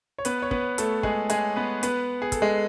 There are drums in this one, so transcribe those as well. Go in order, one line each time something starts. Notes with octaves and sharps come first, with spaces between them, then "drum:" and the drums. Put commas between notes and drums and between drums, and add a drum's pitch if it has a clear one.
C#5
B3 B4, drum: hi-hat
C#5
B3 B4, drum: kick
A3 A4, drum: hi-hat
G#3 G#4, drum: kick
G#3 G#4, drum: hi-hat
B3 B4
B3 B4, drum: hi-hat
G#4
A4, drum: kick, hi-hat
G#3 G#4